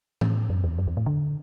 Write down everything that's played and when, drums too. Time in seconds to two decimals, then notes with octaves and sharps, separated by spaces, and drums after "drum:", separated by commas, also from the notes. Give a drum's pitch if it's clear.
0.21 A2, drum: tom E3
0.50 F#2
0.64 E2
0.78 F#2
0.87 E2
0.97 A2
1.06 D3